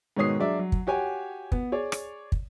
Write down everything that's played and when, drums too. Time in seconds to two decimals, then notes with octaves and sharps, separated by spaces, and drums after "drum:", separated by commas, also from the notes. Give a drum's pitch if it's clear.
0.17 G#2 B2 D#3 C#5 D#6 C7
0.40 F#3 G#3 D4 D5 E5
0.59 F#3
0.72 drum: kick
0.87 F#4 G4 C#5 G#5
1.52 B3, drum: kick
1.72 G#4 C#5 D5
1.92 drum: rim click
2.32 drum: kick